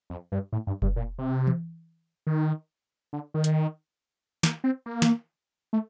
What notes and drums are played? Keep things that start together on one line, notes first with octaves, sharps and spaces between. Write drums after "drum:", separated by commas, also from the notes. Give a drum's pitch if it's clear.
F2
G2
A2
G2
G2, drum: kick F1
A#2
C3
drum: tom E3
D#3
D3
D#3
drum: hi-hat
A#3, drum: snare
C4
A#3
drum: snare
A3